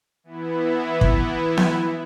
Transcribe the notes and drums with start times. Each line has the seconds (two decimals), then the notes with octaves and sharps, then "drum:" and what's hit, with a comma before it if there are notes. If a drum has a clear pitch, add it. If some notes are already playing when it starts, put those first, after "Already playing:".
0.24 E3 B3 E4
1.01 drum: kick
1.57 drum: snare B3